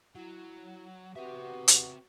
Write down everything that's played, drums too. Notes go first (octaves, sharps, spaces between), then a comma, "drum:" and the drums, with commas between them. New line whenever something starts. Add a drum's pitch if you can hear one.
F#3 E4
B3 C4 F#4 G4 E5
drum: hi-hat